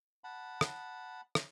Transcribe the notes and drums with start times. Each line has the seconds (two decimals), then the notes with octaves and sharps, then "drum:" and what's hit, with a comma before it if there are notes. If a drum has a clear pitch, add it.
0.24 F#5 A5 B5
0.61 drum: rim click
1.35 drum: rim click